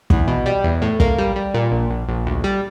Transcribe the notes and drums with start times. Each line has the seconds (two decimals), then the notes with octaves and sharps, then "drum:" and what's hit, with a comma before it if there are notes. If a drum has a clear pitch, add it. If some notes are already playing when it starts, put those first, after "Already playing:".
0.10 E2, drum: kick
0.27 B2
0.46 G3
0.64 E2
0.82 A2
1.00 A#3, drum: kick
1.18 G3
1.36 G3
1.54 A#2
1.72 A#1
1.90 A#1
2.08 A#1
2.26 D2
2.44 G3